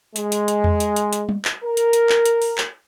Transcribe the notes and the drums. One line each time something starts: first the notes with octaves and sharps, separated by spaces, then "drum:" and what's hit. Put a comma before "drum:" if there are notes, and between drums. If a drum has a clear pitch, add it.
G#3, drum: hi-hat
drum: hi-hat
drum: hi-hat
drum: tom E2
drum: hi-hat
drum: hi-hat
drum: hi-hat
drum: tom G3
drum: clap
A#4
drum: hi-hat
drum: hi-hat
drum: clap
drum: hi-hat
drum: open hi-hat
drum: clap